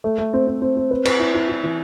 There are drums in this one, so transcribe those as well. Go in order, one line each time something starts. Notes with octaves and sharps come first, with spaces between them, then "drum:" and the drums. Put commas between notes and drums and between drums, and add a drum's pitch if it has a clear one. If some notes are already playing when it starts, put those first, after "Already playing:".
A3
A3
C4
C4
C4
C4
B4
B4, drum: cymbal
E4
E4
E4
E3